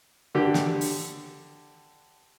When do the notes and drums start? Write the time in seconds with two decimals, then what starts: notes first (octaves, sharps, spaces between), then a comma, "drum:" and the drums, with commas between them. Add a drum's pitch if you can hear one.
0.35 D3 G4
0.54 drum: snare
0.81 drum: open hi-hat